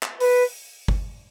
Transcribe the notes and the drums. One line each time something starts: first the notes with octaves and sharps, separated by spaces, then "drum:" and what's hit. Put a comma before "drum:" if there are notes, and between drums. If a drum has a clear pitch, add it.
drum: clap
B4, drum: open hi-hat
drum: kick